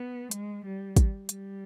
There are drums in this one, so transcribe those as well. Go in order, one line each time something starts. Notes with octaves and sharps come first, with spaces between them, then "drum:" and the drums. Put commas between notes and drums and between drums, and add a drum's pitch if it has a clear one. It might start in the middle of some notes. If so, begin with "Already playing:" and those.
Already playing: B3
G#3, drum: hi-hat
G3
drum: kick, hi-hat
G3, drum: hi-hat